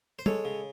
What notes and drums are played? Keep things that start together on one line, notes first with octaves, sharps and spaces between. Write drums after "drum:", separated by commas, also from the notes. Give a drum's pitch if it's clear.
C5
G#3 A4 C#5, drum: tom
C#3